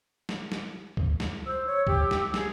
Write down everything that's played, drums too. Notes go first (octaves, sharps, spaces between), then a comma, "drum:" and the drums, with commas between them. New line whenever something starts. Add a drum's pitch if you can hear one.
drum: snare
drum: snare
drum: kick C#2
drum: snare
C5 E6
C#5
G4, drum: kick C#2
drum: snare
G#4, drum: snare